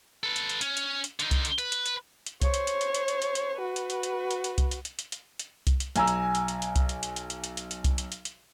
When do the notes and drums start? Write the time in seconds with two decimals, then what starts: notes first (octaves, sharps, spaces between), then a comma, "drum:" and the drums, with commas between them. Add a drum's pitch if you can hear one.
0.23 A4 B4
0.36 drum: hi-hat
0.50 drum: hi-hat
0.61 C#4, drum: hi-hat
0.77 drum: hi-hat
1.04 drum: hi-hat
1.20 D3 D#4, drum: hi-hat
1.31 drum: kick C2, hi-hat
1.45 drum: hi-hat
1.58 B4, drum: hi-hat
1.72 drum: hi-hat
1.86 drum: hi-hat
2.26 drum: hi-hat
2.42 C5 C#5, drum: kick C2, hi-hat
2.54 drum: hi-hat
2.67 drum: hi-hat
2.81 drum: hi-hat
2.94 drum: hi-hat
3.08 drum: hi-hat
3.22 drum: hi-hat
3.35 drum: hi-hat
3.57 F#4 B4
3.76 drum: hi-hat
3.90 drum: hi-hat
4.03 drum: hi-hat
4.31 drum: hi-hat
4.44 drum: hi-hat
4.58 drum: kick C2, hi-hat
4.71 drum: hi-hat
4.85 drum: hi-hat
4.99 drum: hi-hat
5.12 drum: hi-hat
5.39 drum: hi-hat
5.67 drum: kick C2, hi-hat
5.80 drum: hi-hat
5.96 B1 G#5 A#5 E6, drum: hi-hat
6.08 drum: hi-hat
6.35 drum: hi-hat
6.48 drum: hi-hat
6.62 drum: hi-hat
6.76 drum: kick C2, hi-hat
6.89 drum: hi-hat
7.03 drum: hi-hat
7.16 drum: hi-hat
7.30 drum: hi-hat
7.44 drum: hi-hat
7.57 drum: hi-hat
7.71 drum: hi-hat
7.84 drum: kick C2, hi-hat
7.98 drum: hi-hat
8.12 drum: hi-hat
8.25 drum: hi-hat